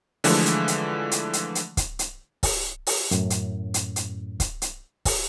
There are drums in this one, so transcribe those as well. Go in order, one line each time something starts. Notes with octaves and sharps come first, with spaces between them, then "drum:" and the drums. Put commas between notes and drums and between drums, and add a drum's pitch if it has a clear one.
D3 E3 F3 G#3 A3, drum: open hi-hat
drum: hi-hat
drum: hi-hat
drum: hi-hat
drum: hi-hat
drum: hi-hat
drum: kick, hi-hat
drum: hi-hat
drum: kick, open hi-hat
drum: open hi-hat
F#2 A2, drum: hi-hat
drum: hi-hat
drum: hi-hat
drum: hi-hat
drum: kick, hi-hat
drum: hi-hat
drum: kick, open hi-hat